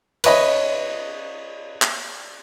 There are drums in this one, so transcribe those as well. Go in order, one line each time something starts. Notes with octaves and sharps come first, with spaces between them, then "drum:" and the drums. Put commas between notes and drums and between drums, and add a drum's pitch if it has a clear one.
B4 C#5 D#5 B5, drum: cymbal
drum: clap